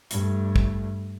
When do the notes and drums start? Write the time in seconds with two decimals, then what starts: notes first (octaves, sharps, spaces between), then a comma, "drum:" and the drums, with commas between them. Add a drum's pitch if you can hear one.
0.11 G2 A3, drum: hi-hat
0.56 drum: kick